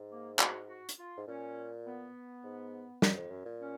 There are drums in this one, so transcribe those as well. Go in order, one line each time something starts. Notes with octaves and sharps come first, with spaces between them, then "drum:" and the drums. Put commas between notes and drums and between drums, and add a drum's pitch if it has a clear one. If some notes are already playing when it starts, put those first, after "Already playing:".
Already playing: G#2
A#3
F#4, drum: clap
F#4
drum: hi-hat
F4
G#2
A#2 C#4
B3
G#2
F#2, drum: snare
F2
F#2
A#2
C#4